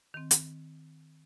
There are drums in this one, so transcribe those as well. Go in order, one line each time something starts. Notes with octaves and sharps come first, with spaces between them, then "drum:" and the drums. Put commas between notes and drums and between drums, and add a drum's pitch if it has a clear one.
D#3 C4
drum: hi-hat